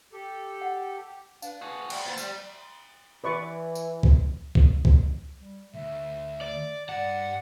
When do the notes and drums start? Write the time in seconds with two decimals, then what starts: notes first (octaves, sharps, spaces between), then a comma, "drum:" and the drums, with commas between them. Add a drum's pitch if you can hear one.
0.13 G4 A4
0.61 F#5
1.07 G4
1.42 D4 B4 F5, drum: tambourine
1.62 F#4 G#4 B4 A5
1.90 D5 G5, drum: cymbal
2.06 A#2 B3 C5
2.18 G3, drum: tambourine
3.24 E3 B4 D5 C#6
3.75 drum: tambourine
4.03 drum: kick C2
4.55 drum: kick C2
4.85 drum: kick C2
5.36 G3
5.74 D2 E5
6.41 D5
6.89 G2 D5 F#5 A5